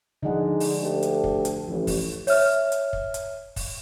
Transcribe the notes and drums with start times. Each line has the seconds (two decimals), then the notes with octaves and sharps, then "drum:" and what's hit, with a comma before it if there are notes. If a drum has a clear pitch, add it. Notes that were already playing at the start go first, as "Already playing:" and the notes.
0.23 D3 F3 G#3 D4 D#4 F#5
0.60 drum: open hi-hat
0.81 D2 G4 A4
1.03 drum: hi-hat
1.24 drum: kick
1.45 drum: hi-hat
1.69 A1 F3
1.87 drum: kick, open hi-hat
2.27 C#5 E5 F6, drum: open hi-hat
2.72 drum: hi-hat
2.93 drum: kick
3.14 drum: hi-hat
3.56 drum: kick, open hi-hat